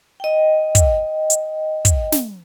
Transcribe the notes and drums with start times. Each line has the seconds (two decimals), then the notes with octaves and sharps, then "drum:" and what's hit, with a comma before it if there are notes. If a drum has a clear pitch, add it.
0.20 D#5 G5
0.75 drum: kick, hi-hat
1.30 drum: hi-hat
1.85 drum: kick, hi-hat
2.12 drum: snare